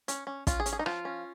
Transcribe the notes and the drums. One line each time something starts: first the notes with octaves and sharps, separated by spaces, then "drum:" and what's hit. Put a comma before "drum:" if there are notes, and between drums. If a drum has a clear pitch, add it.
C#4, drum: hi-hat
C#4
C#4 F4, drum: kick, hi-hat
G#4
C#4, drum: hi-hat
G#4
D#4
F3 F4, drum: rim click
C#4